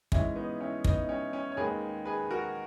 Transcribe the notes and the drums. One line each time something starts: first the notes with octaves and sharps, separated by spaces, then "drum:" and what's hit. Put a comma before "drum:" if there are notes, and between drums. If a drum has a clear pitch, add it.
G#2 E3 G#3 C#4 E4, drum: kick
B3 D#4
C#4 E4
B3 D#4, drum: kick
C#4
C#4
C#5
D#2 D#3 G#3 G#4 B4
G#4 B4
F#4 A#4